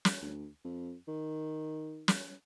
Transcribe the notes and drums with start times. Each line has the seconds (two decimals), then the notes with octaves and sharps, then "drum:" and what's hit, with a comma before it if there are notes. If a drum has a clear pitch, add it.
0.05 drum: snare
0.21 D2
0.64 F2
1.08 D#3
2.08 drum: snare